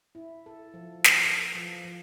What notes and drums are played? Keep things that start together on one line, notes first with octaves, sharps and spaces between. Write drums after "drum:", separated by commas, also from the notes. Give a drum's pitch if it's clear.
E4
A4
F3
B4, drum: snare
A4
F3
F3